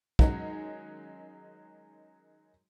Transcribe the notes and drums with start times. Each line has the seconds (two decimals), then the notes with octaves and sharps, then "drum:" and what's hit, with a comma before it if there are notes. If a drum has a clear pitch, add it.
0.19 D#3 F#3 G#3 C#4 D#4, drum: kick